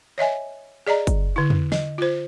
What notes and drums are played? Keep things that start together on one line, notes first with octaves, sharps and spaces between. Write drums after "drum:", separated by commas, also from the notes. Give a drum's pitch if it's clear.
C#5 D#5 E5 G#5
G#4 D5 D#5 A#5
drum: kick, hi-hat
D3 E4
drum: tom
D#5, drum: snare
F4 C5